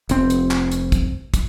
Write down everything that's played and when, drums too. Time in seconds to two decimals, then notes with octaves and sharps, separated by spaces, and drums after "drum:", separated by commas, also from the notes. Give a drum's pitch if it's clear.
0.09 F1 C4, drum: hi-hat
0.30 drum: hi-hat
0.51 drum: clap
0.71 drum: hi-hat
0.92 drum: kick, hi-hat
1.34 drum: kick, hi-hat